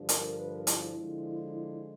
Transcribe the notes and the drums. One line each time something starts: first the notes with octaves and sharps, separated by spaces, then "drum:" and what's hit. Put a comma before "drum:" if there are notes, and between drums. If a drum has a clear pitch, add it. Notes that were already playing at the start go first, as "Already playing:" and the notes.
Already playing: G2 D3 F3
A#4, drum: hi-hat
B4
A#4
E4, drum: hi-hat
F4
E4
D3 F3 G#3